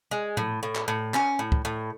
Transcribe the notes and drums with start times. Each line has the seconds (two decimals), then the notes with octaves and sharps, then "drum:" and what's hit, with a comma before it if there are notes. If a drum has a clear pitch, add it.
0.11 G#3
0.37 A2, drum: tom A#2
0.63 A2
0.75 drum: clap
0.88 A2
1.14 C#4, drum: clap
1.39 A2
1.52 drum: kick
1.65 A2